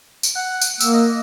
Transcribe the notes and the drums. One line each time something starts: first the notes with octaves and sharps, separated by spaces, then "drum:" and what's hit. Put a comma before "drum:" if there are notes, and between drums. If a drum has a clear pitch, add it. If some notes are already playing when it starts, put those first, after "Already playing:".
drum: tambourine
F#5
drum: tambourine
A#3 E6, drum: tambourine
D#5